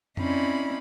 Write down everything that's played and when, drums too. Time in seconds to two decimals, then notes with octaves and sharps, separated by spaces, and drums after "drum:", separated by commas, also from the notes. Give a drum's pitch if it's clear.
0.17 C4 C#4 D#4 E4 D5 B5, drum: tom F2